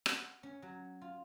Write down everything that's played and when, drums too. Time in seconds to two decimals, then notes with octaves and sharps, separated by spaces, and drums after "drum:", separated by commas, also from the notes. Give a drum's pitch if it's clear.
0.06 F#5, drum: rim click
0.43 C#4
0.62 F#3
1.01 F4